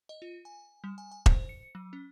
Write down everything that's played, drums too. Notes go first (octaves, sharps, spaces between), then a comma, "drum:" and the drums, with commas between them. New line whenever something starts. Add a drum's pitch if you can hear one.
D#5
F4
G#5
G3
G#5
G#5
C5, drum: kick E1
C#7
F#3
C#4